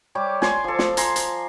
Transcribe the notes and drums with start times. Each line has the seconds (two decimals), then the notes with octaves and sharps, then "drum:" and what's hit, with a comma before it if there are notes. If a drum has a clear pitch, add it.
0.15 G3 G4 C#5 D6
0.42 G#5 C6 D6, drum: snare
0.64 F3 A4
0.79 drum: snare
0.97 G#5 A#5 C6, drum: hi-hat
1.16 drum: hi-hat